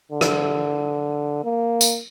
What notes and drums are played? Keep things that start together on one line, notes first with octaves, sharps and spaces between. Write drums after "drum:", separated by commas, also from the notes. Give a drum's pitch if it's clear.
D3
drum: rim click
A#3
drum: tambourine